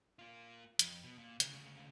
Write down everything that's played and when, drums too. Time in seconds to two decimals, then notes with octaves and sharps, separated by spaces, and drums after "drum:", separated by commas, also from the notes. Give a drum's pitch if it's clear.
0.19 A#3 F4
0.79 F2, drum: hi-hat
1.03 B2
1.18 A#2
1.40 D2 C#3, drum: hi-hat